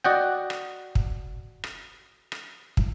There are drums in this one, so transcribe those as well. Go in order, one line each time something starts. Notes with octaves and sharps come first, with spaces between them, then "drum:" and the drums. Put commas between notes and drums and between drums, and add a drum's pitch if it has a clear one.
F#4 D5 D#5 F#5 G5
drum: rim click
drum: kick
drum: rim click
drum: rim click
drum: kick